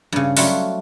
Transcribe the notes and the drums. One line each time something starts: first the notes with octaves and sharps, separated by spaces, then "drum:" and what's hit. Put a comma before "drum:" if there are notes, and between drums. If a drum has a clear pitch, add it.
G2 C#3
F#3 G3 A3 F4 F#4, drum: open hi-hat